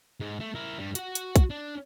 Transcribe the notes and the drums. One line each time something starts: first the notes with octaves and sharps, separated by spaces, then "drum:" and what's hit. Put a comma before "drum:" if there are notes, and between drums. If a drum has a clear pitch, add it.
G#2
A3
E4 A#4
G2 G3
F#4 F#5, drum: hi-hat
drum: hi-hat
drum: kick, hi-hat
D4